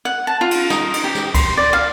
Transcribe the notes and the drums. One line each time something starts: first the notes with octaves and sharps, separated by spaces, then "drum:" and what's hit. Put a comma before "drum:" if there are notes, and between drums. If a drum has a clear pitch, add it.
F#5
A5
F4
drum: cymbal
D#4, drum: snare
drum: cymbal
G4
drum: snare
C6, drum: kick C#2, cymbal
D5
F5